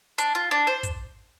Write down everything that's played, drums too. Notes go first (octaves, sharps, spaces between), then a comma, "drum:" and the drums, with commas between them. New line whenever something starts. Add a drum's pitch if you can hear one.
D4, drum: hi-hat
F4
D4
C5
drum: kick, hi-hat